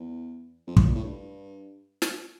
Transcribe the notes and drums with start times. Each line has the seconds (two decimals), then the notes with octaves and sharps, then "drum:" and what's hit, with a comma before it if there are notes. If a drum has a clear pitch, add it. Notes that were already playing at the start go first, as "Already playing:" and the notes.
Already playing: E2
0.67 F2
0.77 A2, drum: kick
0.86 A#2
0.95 A2
1.04 G2
2.02 drum: snare